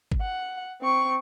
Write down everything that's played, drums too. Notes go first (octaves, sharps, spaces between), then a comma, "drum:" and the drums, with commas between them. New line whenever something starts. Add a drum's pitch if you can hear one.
drum: kick G1
F#5
C4 C#6